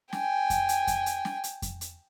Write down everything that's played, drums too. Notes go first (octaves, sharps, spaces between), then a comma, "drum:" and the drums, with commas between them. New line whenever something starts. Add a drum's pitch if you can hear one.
G5 G#5, drum: snare
drum: kick F2, hi-hat
drum: hi-hat
drum: kick F2, hi-hat
drum: hi-hat
drum: snare
drum: hi-hat
drum: kick F2, hi-hat
drum: hi-hat